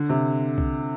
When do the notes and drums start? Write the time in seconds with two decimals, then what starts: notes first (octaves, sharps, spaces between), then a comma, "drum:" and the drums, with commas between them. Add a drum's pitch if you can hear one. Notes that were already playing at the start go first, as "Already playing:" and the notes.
Already playing: D3
0.09 C3
0.58 drum: kick